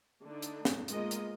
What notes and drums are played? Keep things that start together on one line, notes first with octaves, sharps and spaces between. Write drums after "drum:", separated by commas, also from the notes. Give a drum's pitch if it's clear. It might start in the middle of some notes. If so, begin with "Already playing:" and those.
D3 A3 D4 D#4
drum: hi-hat
drum: snare
G#3 A#3 B3 F4 A#4 D#5, drum: hi-hat
drum: hi-hat